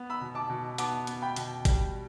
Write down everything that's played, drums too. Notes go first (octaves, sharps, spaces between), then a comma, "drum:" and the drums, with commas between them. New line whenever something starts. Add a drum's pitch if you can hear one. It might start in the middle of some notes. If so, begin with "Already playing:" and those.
Already playing: B3
B5 E6
B2
A5 D6
B2
B3 A5 D6, drum: hi-hat
B3, drum: hi-hat
G5 B5
B2, drum: hi-hat
G3, drum: kick G1, hi-hat